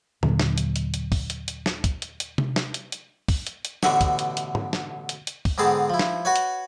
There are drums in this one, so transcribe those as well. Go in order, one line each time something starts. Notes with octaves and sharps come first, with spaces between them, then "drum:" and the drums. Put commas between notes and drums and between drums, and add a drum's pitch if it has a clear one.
D#2 A#2 D3 F#3, drum: tom
drum: snare
drum: hi-hat
drum: hi-hat
drum: hi-hat
drum: kick, open hi-hat
drum: hi-hat
drum: hi-hat
drum: snare
drum: kick, hi-hat
drum: hi-hat
drum: hi-hat
drum: tom C3
drum: snare
drum: hi-hat
drum: hi-hat
drum: kick, open hi-hat
drum: hi-hat
drum: hi-hat
A1 B2 D3 E5 F#5 C#6, drum: snare
drum: kick, hi-hat
drum: hi-hat
drum: hi-hat
drum: tom
drum: snare
drum: hi-hat
drum: hi-hat
drum: kick, open hi-hat
G#2 D3 B3 C4 G#4 A5
F3 E4
drum: snare
F#4 B4 C#5
drum: hi-hat